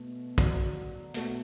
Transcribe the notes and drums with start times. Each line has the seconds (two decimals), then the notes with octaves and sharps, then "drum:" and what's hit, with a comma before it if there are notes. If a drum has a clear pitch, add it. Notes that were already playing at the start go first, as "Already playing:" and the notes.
Already playing: B2 A3
0.38 D3 F#3 D4, drum: kick, hi-hat
1.14 B2 A3 F#4, drum: hi-hat